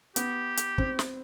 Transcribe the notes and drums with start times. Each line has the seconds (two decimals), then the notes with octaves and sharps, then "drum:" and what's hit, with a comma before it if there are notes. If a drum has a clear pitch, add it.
0.16 B3 G4, drum: hi-hat
0.57 drum: hi-hat
0.78 C4, drum: kick
0.99 drum: snare